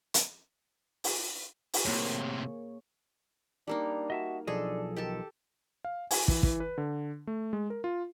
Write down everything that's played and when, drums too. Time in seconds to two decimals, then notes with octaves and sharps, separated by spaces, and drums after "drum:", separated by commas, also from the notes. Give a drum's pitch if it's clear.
0.14 drum: hi-hat
1.04 drum: open hi-hat
1.74 drum: open hi-hat
1.85 A2 C3 A#3 G#4 C#5
3.67 G3 A#3 D4 D#4
4.10 F#4 D#5 E5 A5
4.47 B1 F3 D4 G#4 A4 D#5
4.97 D#3 G4 A4 A5
5.85 F5
6.11 G#5, drum: open hi-hat
6.28 E3, drum: kick
6.43 E3, drum: kick
6.60 B4
6.78 D3
7.27 A3
7.53 G#3
7.70 A#4
7.84 F4